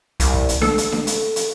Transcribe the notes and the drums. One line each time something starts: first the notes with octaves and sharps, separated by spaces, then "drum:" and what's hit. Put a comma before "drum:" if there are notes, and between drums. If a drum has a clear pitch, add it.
C2, drum: hi-hat
drum: kick
drum: hi-hat
A4, drum: snare D4
drum: hi-hat
drum: snare D4
drum: hi-hat
drum: hi-hat